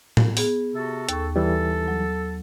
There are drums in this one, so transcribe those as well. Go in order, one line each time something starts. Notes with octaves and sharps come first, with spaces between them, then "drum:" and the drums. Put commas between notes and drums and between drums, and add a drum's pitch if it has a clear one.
drum: tom A2
B3 G#4, drum: open hi-hat
C3 F#4 A4
D#2 A4 C#6, drum: hi-hat
E3 G3 A4
F#3